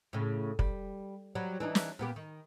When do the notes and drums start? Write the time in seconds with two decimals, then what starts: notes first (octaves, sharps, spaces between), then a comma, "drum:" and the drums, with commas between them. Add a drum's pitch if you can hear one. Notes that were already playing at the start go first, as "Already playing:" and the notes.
0.13 A2 C#3
0.59 G3, drum: kick
1.35 F#3 G3
1.60 E3 D4 D#4
1.75 drum: snare
1.99 A#2 B3 G4
2.16 D#3